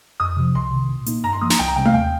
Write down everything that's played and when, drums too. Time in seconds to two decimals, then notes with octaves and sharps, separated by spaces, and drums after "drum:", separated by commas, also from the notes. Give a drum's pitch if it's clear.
0.20 F2 D#6
0.37 C3 F3
0.55 C2 C6
0.71 C3 D#3
0.89 A#2
1.06 A#3 D#4, drum: hi-hat
1.24 G2 A#5
1.33 C6
1.41 F3 A#3 D#6
1.50 A#5, drum: snare
1.59 C2 G5
1.68 A#5
1.76 C3 G3 C4 G5
1.85 F5, drum: tom A3
1.94 D#2 G5